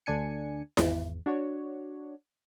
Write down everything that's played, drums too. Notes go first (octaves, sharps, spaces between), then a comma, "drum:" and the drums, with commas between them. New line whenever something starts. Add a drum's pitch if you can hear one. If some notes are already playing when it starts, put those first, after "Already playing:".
D2 D3 D4 G#5 C#7
G#1 E2, drum: snare E4
D4 F#4 C#5